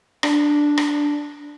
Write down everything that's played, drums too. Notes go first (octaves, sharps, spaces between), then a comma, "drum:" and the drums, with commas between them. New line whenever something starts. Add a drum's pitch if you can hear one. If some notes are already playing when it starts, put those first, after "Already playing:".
D4, drum: rim click
drum: rim click